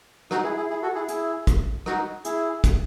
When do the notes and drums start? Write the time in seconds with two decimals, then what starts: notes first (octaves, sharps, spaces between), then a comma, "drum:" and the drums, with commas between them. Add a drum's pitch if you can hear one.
0.31 D#4 F#4, drum: rim click
0.44 E4 G#4
0.57 E4 G#4
0.70 E4 G#4
0.82 F#4 A4
0.95 E4 G#4
1.08 E4 G#4, drum: hi-hat
1.47 drum: kick, hi-hat
1.86 D#4 F#4, drum: rim click
2.25 E4 G#4, drum: hi-hat
2.64 drum: kick, hi-hat